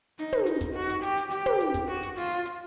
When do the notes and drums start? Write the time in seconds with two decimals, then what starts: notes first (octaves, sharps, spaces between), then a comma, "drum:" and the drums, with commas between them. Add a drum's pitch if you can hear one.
0.19 D#4, drum: hi-hat
0.33 drum: tom
0.46 D#4, drum: hi-hat
0.61 drum: kick, hi-hat
0.75 F#4
0.89 drum: hi-hat
1.03 G4, drum: hi-hat
1.18 drum: hi-hat
1.31 G4, drum: hi-hat
1.46 drum: tom
1.60 drum: hi-hat
1.74 drum: kick, hi-hat
1.88 F#4
2.03 drum: hi-hat
2.17 F4, drum: hi-hat
2.31 drum: hi-hat
2.45 drum: hi-hat